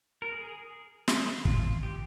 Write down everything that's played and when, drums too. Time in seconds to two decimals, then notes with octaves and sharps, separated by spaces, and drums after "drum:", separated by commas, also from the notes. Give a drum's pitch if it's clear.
0.22 A#4
0.32 G#4
1.08 drum: snare
1.45 F4, drum: kick
1.83 G4